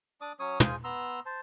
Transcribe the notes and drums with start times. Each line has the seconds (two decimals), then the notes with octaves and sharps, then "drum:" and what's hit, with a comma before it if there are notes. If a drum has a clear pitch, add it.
0.21 D4 D5 D6 D#6
0.40 F#3 C#4 C#5 D#6
0.60 F4 G#4 C5 G#5, drum: tom
0.84 B3 A#5 C6 E6
1.26 C5 A5